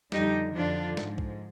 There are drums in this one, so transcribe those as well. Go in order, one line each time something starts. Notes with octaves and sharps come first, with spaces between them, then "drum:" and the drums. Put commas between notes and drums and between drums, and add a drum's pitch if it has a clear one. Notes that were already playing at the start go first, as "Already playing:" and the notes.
F2 D3 G3 D#4 G4, drum: snare
F2 D3 F3 D4 F4
G#2 F3, drum: snare
drum: kick B1